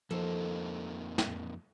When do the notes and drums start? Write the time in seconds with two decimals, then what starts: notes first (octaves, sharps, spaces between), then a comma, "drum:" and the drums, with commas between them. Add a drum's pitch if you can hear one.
0.11 F2 F3 A#3 D#4 A4 C5
1.18 drum: snare